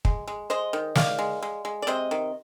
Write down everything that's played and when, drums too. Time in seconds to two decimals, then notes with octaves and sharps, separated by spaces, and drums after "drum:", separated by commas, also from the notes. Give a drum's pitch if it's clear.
0.05 G#3, drum: kick
0.28 G#3
0.50 G#3 C5 D#5
0.73 D#3
0.95 D#3 D5 F5, drum: snare
1.19 G#3
1.42 G#3
1.65 G#3
1.82 D5
1.87 C3 C5 D#5
2.11 D#3